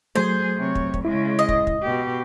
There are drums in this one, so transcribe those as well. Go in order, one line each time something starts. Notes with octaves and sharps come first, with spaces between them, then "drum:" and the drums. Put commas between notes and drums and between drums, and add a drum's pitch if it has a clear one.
F#3 A3 G#4 C5
C3 C#5
drum: kick
drum: kick
C#3 G#3 E4
D#5
drum: kick
drum: kick
B2 G4